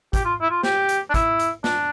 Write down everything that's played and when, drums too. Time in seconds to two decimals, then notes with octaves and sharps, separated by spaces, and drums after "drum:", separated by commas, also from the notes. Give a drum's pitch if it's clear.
0.13 G4, drum: kick, hi-hat
0.25 F4
0.41 E4
0.50 F4
0.63 G4, drum: snare
0.89 drum: hi-hat
1.10 D4
1.14 E4, drum: kick, hi-hat
1.39 drum: hi-hat
1.64 D4, drum: snare